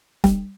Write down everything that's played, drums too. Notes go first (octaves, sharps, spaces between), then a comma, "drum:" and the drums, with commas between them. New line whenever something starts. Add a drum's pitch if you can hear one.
G3, drum: snare E1